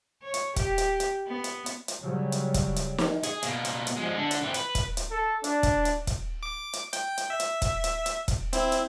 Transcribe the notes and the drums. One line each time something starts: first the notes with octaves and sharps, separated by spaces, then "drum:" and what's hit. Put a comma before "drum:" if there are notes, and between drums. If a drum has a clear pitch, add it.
C#5
drum: hi-hat
G4, drum: kick E1, hi-hat
drum: hi-hat
drum: hi-hat
B3
drum: hi-hat
drum: hi-hat
drum: hi-hat
C#3 F#3 G3
drum: hi-hat
drum: kick E1, hi-hat
drum: hi-hat
drum: snare
G#4, drum: hi-hat
B2 A#3, drum: hi-hat
drum: hi-hat
drum: hi-hat
F3 G#3
D3 D4
drum: hi-hat
E3 C4
B4, drum: hi-hat
drum: kick E1, hi-hat
drum: hi-hat
A4
D4, drum: hi-hat
drum: kick E1, hi-hat
drum: hi-hat
drum: kick E1, hi-hat
D6
drum: hi-hat
G5, drum: hi-hat
drum: hi-hat
E5
drum: hi-hat
drum: kick E1, hi-hat
drum: hi-hat
drum: hi-hat
drum: kick E1, hi-hat
C4 E4, drum: hi-hat
drum: hi-hat